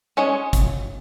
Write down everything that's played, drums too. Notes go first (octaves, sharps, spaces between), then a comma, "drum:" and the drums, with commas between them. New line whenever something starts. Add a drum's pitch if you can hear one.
G#3 C#4 C#5
drum: kick, hi-hat